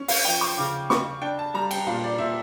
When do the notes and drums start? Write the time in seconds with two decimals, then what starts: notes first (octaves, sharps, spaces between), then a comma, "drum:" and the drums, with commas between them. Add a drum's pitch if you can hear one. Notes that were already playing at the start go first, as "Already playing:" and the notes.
Already playing: C#4
0.08 F5, drum: open hi-hat
0.25 F3 G5
0.41 C#6
0.58 C#3 D6
0.90 C#3 C#6, drum: snare
1.21 D4 G5
1.39 A5
1.54 G3 A#5
1.71 G5, drum: cymbal
1.87 A#2 F5
2.03 D5
2.18 A#2 E5